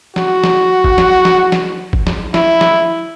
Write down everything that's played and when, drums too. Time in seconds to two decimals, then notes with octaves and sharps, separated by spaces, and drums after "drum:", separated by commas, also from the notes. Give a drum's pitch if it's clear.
0.16 F#4, drum: snare
0.44 drum: snare
0.84 drum: kick
0.98 drum: snare
1.25 drum: snare
1.52 drum: snare
1.93 drum: kick
2.07 drum: snare
2.34 E4, drum: snare
2.61 drum: snare